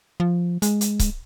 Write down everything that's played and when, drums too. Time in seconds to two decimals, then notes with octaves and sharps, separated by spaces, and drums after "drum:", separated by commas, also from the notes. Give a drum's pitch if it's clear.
0.20 F3
0.62 G#3, drum: hi-hat
0.81 drum: hi-hat
0.99 drum: kick C#1, hi-hat